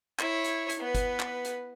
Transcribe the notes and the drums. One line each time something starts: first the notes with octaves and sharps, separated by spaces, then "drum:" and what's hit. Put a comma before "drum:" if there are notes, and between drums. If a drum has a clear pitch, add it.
E4 C#5, drum: clap
drum: hi-hat
drum: hi-hat
B3 B4
drum: kick G1, hi-hat
drum: clap
drum: hi-hat